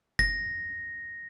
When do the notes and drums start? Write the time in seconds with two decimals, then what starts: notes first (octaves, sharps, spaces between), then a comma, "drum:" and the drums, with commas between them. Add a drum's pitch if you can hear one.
0.19 A#6, drum: kick F#1